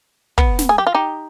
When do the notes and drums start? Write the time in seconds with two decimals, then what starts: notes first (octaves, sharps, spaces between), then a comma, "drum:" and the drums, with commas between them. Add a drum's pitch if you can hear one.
0.38 B3, drum: kick
0.59 drum: snare
0.69 G#4
0.78 G4
0.87 F4
0.95 D#4 G4